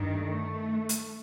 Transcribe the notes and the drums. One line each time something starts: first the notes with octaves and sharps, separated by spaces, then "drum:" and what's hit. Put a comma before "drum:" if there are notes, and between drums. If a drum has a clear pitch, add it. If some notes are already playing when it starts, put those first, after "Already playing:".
Already playing: G2 D#3
A3
drum: hi-hat